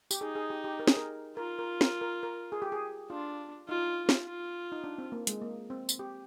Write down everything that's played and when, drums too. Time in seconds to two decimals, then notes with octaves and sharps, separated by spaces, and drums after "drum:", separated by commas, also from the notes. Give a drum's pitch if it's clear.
0.11 G4, drum: tambourine
0.21 D#4 G#4
0.35 G#4
0.50 G4
0.64 G4
0.80 A#4
0.87 G#4, drum: snare
0.97 A#4
1.37 F4 A#4
1.59 A#4
1.81 A#4, drum: snare
2.01 A#4
2.23 A#4
2.52 G#4
2.62 G4
2.72 G#4
3.10 D4 F4
3.68 D#4 F4
4.09 drum: snare
4.26 F4
4.72 D#4
4.84 D4
4.98 C4
5.12 A#3
5.27 G#3, drum: hi-hat
5.41 A#3
5.70 C4
5.89 drum: tambourine
5.99 G4